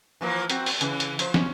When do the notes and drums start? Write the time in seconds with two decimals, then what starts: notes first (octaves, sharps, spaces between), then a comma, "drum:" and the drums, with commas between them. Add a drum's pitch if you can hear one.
0.21 E3 F3 A#3
0.50 C4 F#4, drum: hi-hat
0.66 drum: open hi-hat
0.81 C#3 E3, drum: hi-hat
1.00 drum: hi-hat
1.19 F3 C5, drum: hi-hat
1.34 C#4, drum: snare